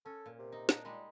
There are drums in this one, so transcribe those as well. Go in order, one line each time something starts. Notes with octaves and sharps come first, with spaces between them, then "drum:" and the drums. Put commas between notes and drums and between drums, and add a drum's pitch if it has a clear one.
C#4 A4
A#2
C3
D#4
D4 D#4 D5, drum: snare
A#2 G3 G#3 D#4